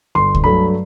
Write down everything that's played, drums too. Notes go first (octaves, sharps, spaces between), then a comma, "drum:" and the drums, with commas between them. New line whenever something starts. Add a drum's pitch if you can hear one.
G1 C6
drum: kick C#2
G2 F#3 A3 B5